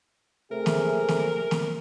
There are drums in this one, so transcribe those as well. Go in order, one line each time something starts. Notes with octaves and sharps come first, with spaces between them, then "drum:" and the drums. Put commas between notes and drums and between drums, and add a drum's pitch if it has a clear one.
C3 A3 G#4 A#4
drum: snare
drum: snare
drum: snare